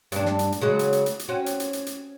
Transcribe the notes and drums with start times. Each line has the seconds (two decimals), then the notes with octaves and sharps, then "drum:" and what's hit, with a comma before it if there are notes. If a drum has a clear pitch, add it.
0.12 G2 D4, drum: hi-hat
0.25 drum: snare
0.39 drum: hi-hat
0.52 drum: hi-hat
0.61 C#3 F#3 G#3
0.79 drum: hi-hat
0.93 drum: hi-hat
1.06 drum: hi-hat
1.19 drum: hi-hat
1.29 C4 C#4 F#4
1.46 drum: hi-hat
1.60 drum: hi-hat
1.73 drum: hi-hat
1.86 drum: hi-hat